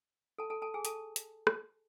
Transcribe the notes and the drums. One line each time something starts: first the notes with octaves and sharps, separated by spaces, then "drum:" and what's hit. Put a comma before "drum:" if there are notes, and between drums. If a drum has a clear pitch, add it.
A4 A5
A4 A5
A4 A5
G#4 G#5
A4 A5, drum: hi-hat
drum: hi-hat
drum: rim click